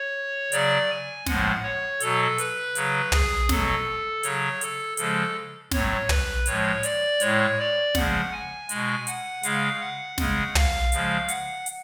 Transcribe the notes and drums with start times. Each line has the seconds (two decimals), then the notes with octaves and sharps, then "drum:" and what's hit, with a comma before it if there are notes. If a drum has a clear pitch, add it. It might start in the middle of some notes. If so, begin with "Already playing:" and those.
Already playing: C#5
0.52 C#3 F#3 D5, drum: hi-hat
0.90 G#5
1.26 A2 F3 G#3 F#5, drum: snare
1.63 C#5
2.00 B2 F#3 A4, drum: hi-hat
2.38 B4, drum: hi-hat
2.75 C#3 F#3, drum: hi-hat
3.12 G#4, drum: tom
3.49 B2 F#3 A4, drum: snare
4.23 C#3 F#3 C#5, drum: hi-hat
4.61 A4, drum: hi-hat
4.97 C#3 F3 G#3 A4, drum: hi-hat
5.71 A2 F#3 C#5, drum: snare
6.09 B4, drum: tom
6.46 A2 F3 G#3 C#5, drum: hi-hat
6.83 D5, drum: hi-hat
7.20 A2 G#3 C#5, drum: hi-hat
7.58 D5
7.95 C#3 F3 G#3 F#5, drum: snare
8.32 G#5
8.69 B2 G#3, drum: hi-hat
9.07 F#5, drum: hi-hat
9.43 C#3 G#3 F5, drum: hi-hat
9.80 F#5
10.18 C#3 G#3, drum: snare
10.55 F5, drum: tom
10.92 C#3 F3 G#3, drum: hi-hat
11.28 F#5, drum: hi-hat
11.66 drum: hi-hat